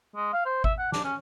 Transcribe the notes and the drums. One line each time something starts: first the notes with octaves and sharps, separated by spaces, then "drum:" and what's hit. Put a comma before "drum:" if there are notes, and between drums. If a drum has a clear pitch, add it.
G#3
F5
C5
E5, drum: kick G#1
F#5
D4, drum: snare
C#4